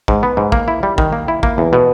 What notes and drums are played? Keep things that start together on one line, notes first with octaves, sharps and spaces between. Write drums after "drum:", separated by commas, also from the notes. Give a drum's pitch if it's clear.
G#2, drum: kick
B3
G#2
A#3, drum: kick
E4
G3
D#3, drum: kick
A#3
E4
A#3, drum: kick
E2
B2